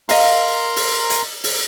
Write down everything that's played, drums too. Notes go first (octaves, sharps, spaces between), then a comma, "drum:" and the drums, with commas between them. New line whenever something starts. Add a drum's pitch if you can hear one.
A#4 D#5 F5 A#5 C6, drum: open hi-hat
drum: open hi-hat
drum: hi-hat
drum: open hi-hat